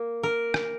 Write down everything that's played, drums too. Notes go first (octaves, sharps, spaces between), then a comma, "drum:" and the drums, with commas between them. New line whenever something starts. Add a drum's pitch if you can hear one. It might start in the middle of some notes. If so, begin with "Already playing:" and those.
Already playing: A#3
A#4
drum: rim click